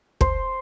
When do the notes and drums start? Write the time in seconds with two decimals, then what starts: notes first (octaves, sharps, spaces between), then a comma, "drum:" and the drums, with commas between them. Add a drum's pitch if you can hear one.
0.21 C5, drum: kick